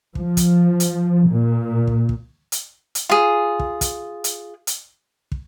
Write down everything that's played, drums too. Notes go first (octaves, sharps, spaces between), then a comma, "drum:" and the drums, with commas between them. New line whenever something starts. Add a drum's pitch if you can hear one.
F3, drum: kick
drum: kick, hi-hat
drum: hi-hat
A#2
drum: kick
drum: kick
drum: hi-hat
drum: hi-hat
F4 G#4
drum: kick
drum: kick, hi-hat
drum: hi-hat
drum: hi-hat
drum: kick